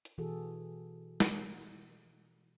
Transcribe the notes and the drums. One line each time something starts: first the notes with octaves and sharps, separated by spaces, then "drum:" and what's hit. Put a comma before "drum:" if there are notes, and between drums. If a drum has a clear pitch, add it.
drum: hi-hat
B2 E3 F#4 G#4 A4
drum: snare